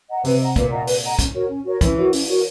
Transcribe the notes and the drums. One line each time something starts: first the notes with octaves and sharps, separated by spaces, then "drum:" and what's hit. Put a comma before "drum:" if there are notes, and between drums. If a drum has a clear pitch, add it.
D#5 F#5 A#5
C3 B4, drum: open hi-hat
D#5 F#5 A#5
A#2 B4, drum: kick, hi-hat
D#5 F#5 A#5
B4, drum: open hi-hat
D#5 F#5 A#5
C#4, drum: kick, hi-hat
F#4 A#4 C#5
C#4
F#4 A#4 C#5
E3 C#4, drum: kick, hi-hat
F#4 A#4 C#5
C#4, drum: open hi-hat
F#4 A#4 C#5